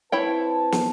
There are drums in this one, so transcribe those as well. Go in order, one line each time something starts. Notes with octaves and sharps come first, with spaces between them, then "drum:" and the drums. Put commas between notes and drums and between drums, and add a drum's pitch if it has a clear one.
C4 E4 B4 C#5 G5 A5
drum: snare